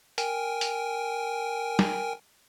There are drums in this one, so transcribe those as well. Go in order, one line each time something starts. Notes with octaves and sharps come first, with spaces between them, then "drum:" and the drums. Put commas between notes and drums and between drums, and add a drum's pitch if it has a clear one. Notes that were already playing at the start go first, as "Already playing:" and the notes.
A#4 G5 G#5, drum: hi-hat
drum: hi-hat
drum: snare